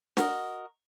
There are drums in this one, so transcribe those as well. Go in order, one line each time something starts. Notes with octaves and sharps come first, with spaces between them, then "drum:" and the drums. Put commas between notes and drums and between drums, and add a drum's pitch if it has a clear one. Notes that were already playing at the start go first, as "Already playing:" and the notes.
F#4 A#4 D#5, drum: snare